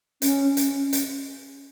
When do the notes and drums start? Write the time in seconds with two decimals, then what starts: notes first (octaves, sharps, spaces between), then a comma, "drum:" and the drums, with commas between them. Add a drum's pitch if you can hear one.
0.22 C#4, drum: hi-hat
0.57 C#4, drum: hi-hat
0.93 drum: hi-hat